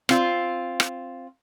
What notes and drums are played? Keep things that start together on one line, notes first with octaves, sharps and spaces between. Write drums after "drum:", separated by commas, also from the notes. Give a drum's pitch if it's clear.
C4 F4, drum: rim click
drum: rim click